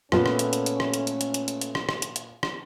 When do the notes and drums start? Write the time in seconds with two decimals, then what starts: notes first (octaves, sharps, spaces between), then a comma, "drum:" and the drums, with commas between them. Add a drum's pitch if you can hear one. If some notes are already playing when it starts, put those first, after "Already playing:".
0.12 A#2 A3 B3 C#4 F4 A4 B4, drum: rim click
0.26 drum: rim click
0.39 drum: hi-hat
0.53 drum: hi-hat
0.66 drum: hi-hat
0.80 drum: rim click
0.94 drum: hi-hat
1.07 drum: hi-hat
1.21 drum: hi-hat
1.34 drum: hi-hat
1.48 drum: hi-hat
1.61 drum: hi-hat
1.75 drum: rim click
1.89 drum: rim click
2.02 drum: hi-hat
2.16 drum: hi-hat
2.43 drum: rim click